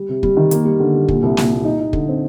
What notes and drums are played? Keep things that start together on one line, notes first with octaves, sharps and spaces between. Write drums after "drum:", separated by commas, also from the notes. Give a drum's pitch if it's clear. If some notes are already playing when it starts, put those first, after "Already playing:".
Already playing: G3
C3
G3, drum: kick
D#3
A#3, drum: hi-hat
G3
D3
G3
A#2, drum: kick
C2
A#2, drum: snare
A#2
D#4
D#4
D3, drum: kick
C4